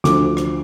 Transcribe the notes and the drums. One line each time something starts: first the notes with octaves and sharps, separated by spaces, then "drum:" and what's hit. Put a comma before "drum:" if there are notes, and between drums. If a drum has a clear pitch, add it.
D2 D3 F3 D6, drum: snare
drum: rim click